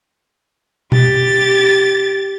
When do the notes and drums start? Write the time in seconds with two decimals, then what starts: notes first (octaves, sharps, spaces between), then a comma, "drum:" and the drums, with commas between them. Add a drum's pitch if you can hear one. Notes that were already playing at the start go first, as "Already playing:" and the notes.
0.92 G4 A6, drum: tom B2